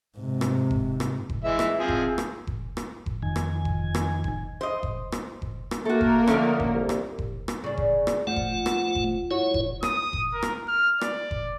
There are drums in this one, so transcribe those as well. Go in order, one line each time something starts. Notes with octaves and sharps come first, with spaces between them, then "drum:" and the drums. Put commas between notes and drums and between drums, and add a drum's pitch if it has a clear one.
G#2 C3
drum: rim click
drum: kick F#1
drum: rim click
drum: kick F#1
E3 G#3 E5
drum: rim click
F3 C4 G#4
drum: kick F#1
drum: rim click
drum: kick F#1
drum: rim click
drum: kick F#1
F2 D#3 G#5
drum: rim click
drum: kick F#1
drum: rim click
drum: kick F#1
C5 D#5
drum: kick F#1
drum: rim click
drum: kick F#1
drum: rim click
A3 A#3 F#4 A4 A#4
drum: kick F#1
D3 F3 A3 C#4, drum: rim click
drum: kick F#1
C2
drum: rim click
drum: kick F#1
drum: rim click
C#3 D4
drum: kick F#1
drum: rim click
F3 A3 F#5
drum: kick F#1
drum: rim click
drum: kick F#1
E4 F#4 C#5
drum: kick F#1
D#6, drum: rim click
drum: kick F#1
A#4
drum: rim click
F6
D5, drum: rim click
drum: kick F#1